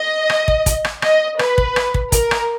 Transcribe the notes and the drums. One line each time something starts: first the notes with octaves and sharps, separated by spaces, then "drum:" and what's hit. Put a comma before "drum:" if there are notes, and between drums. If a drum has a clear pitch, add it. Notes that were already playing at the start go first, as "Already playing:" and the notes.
Already playing: D#5
drum: rim click
drum: kick
drum: kick, hi-hat
drum: rim click
D#5, drum: rim click
B4, drum: rim click
drum: kick
drum: rim click
drum: kick
A#4, drum: kick, hi-hat
drum: rim click